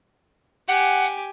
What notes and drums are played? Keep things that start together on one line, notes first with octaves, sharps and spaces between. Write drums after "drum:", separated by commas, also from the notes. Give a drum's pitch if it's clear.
G4 F#5 G#5, drum: hi-hat
drum: hi-hat